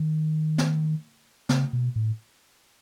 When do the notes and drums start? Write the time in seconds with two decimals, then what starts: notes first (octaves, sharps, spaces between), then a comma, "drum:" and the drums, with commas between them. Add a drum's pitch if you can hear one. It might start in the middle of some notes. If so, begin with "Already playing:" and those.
Already playing: D#3
0.58 drum: snare
1.49 C#3, drum: snare
1.73 B2
1.96 A2